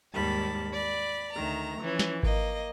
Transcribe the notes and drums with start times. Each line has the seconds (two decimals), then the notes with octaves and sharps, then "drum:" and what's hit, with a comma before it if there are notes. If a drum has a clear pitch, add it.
0.14 D#2 G#2 G3 A5 B5
0.72 D5 B5
1.33 D2 D#3 A#5
1.82 E3 F3 C#4
1.99 drum: snare
2.23 A#3 D#5, drum: kick G#1